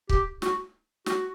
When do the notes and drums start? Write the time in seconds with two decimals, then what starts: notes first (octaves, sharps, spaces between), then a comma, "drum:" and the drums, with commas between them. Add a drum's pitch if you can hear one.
0.09 G4, drum: kick C#1
0.42 F#4, drum: snare
1.06 F#4, drum: snare